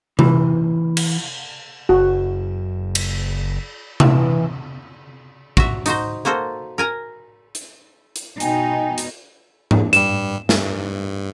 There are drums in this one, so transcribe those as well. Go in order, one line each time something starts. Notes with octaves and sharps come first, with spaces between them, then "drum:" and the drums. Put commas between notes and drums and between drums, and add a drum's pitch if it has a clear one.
E3, drum: tom C3
drum: cymbal
F#1 F#4
drum: cymbal
E3, drum: tom C3
F#4 E5, drum: kick
D#4 F#4 C5, drum: hi-hat
A#3 F#4 A4 C5
A#4 G#5 A#5
drum: hi-hat
drum: hi-hat
B2 D#4 G5 G#5, drum: hi-hat
drum: hi-hat
drum: tom
G2 G3 E7, drum: hi-hat
G2, drum: snare